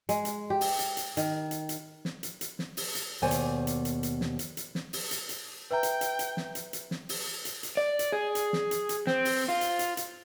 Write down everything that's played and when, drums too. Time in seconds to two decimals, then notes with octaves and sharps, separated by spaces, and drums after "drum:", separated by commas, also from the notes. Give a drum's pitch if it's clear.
0.09 G#3, drum: hi-hat
0.25 drum: hi-hat
0.50 G4
0.61 drum: open hi-hat
0.79 drum: hi-hat
0.97 drum: hi-hat
1.17 D#3, drum: hi-hat
1.51 drum: hi-hat
1.69 drum: hi-hat
2.05 drum: snare
2.23 drum: hi-hat
2.41 drum: hi-hat
2.59 drum: snare
2.77 drum: open hi-hat
2.95 drum: hi-hat
3.22 D#2 B2 C5 D5 G#5
3.31 drum: hi-hat
3.67 drum: hi-hat
3.85 drum: hi-hat
4.03 drum: hi-hat
4.21 drum: snare
4.39 drum: hi-hat
4.57 drum: hi-hat
4.75 drum: snare
4.93 drum: open hi-hat
5.11 drum: hi-hat
5.29 drum: hi-hat
5.71 B4 E5 G5 A#5
5.83 drum: hi-hat
6.01 drum: hi-hat
6.19 drum: hi-hat
6.37 drum: snare
6.55 drum: hi-hat
6.73 drum: hi-hat
6.91 drum: snare
7.09 drum: open hi-hat
7.45 drum: hi-hat
7.63 drum: hi-hat
7.77 D5
7.99 drum: hi-hat
8.12 G#4
8.35 drum: hi-hat
8.53 drum: snare
8.71 drum: hi-hat
8.89 drum: hi-hat
9.07 C4, drum: snare
9.25 drum: open hi-hat
9.48 F4
9.61 drum: hi-hat
9.79 drum: hi-hat
9.97 drum: hi-hat